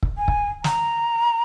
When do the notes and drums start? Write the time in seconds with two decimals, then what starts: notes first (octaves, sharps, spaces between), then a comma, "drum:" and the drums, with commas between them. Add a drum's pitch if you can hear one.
0.03 drum: kick
0.18 G#5
0.28 drum: kick
0.64 A#5, drum: snare